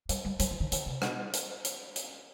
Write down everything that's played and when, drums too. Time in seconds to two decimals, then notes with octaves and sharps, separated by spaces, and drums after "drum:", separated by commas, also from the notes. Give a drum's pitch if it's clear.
0.09 G3, drum: hi-hat
0.25 G3
0.39 G3, drum: hi-hat
0.51 F3
0.60 D#3
0.72 D#3, drum: hi-hat
0.86 C3
1.02 B2, drum: rim click
1.33 drum: hi-hat
1.65 drum: hi-hat
1.96 drum: hi-hat